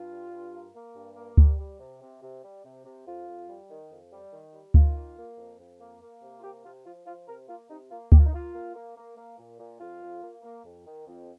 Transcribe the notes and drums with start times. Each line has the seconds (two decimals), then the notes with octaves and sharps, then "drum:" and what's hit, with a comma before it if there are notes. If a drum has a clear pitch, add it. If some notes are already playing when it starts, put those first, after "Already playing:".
Already playing: G2 F4
0.11 G3
0.33 G2
0.54 A#3
0.74 A#3
0.95 G2
1.17 A#3
1.37 G3, drum: kick D2
1.59 G3
1.80 C3
2.01 C3
2.22 C3
2.44 G3
2.65 C3
2.85 C3
3.06 F2 F4
3.27 F2
3.49 G3
3.70 D#3
3.91 F2
4.12 G3
4.32 D#3
4.54 G3
4.74 D#3 F4, drum: kick D2
4.96 A#3
5.18 A#3
5.38 F2
5.60 F2
5.80 A#3
6.01 A#3
6.22 C3
6.39 F4
6.43 A#3 G4
6.64 C3 F4
6.85 F3 F4
7.06 F3 F4
7.28 C3 A#4
7.48 A#3 F4
7.70 C3 D#4
7.91 A#3 F4
8.12 A#3 G4, drum: kick D2
8.19 F4
8.26 D#4
8.33 A#3 F4
8.54 A#3
8.75 A#3
8.96 A#3
9.17 A#3
9.38 A#2
9.59 A#2
9.80 F2 F4
10.01 F2
10.23 A#3
10.43 A#3
10.65 F2
10.86 D#3
11.07 F2